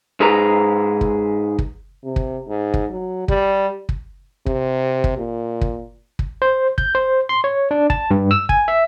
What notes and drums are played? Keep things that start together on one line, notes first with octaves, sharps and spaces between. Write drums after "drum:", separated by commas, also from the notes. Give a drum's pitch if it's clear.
G#2 G#4 B4 A#5
drum: kick
drum: kick
C3
drum: kick
G#2
drum: kick
F#3
G3, drum: kick
drum: kick
C3, drum: kick
drum: kick
A#2
drum: kick
drum: kick
C5
G6, drum: kick
C5
C6
C#5
D4
A5, drum: kick
G2
E6
G#5, drum: kick
E5